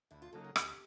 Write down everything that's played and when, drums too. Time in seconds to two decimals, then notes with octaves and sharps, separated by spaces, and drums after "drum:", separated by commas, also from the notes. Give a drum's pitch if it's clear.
0.11 D2 E4
0.22 F4
0.33 C#3 F#3 A#3 D#4 A4
0.44 G#4
0.56 D2 G4, drum: rim click